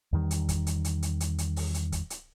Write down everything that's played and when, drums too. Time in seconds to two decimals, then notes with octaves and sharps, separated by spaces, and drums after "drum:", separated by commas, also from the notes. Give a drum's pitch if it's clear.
0.13 E2 D#3 G3
0.31 drum: hi-hat
0.49 drum: kick, hi-hat
0.67 drum: hi-hat
0.85 drum: hi-hat
1.02 drum: hi-hat
1.20 drum: hi-hat
1.38 drum: hi-hat
1.56 drum: open hi-hat
1.74 drum: hi-hat
1.92 drum: kick, hi-hat
2.10 drum: hi-hat